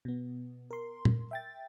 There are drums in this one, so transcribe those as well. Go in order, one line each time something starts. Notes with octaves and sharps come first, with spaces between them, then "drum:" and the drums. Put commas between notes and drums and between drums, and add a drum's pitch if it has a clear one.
B2 B3
A#4 C6
drum: tom
E5 G5 A6